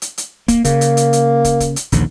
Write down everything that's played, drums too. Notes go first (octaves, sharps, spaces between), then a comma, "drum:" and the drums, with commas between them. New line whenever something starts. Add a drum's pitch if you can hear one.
drum: hi-hat
drum: hi-hat
A#3, drum: kick, hi-hat
C#3 A#3, drum: kick, hi-hat
drum: hi-hat
drum: hi-hat
drum: hi-hat
drum: kick, hi-hat
drum: kick, hi-hat
drum: hi-hat
A#1 D#2 D3, drum: hi-hat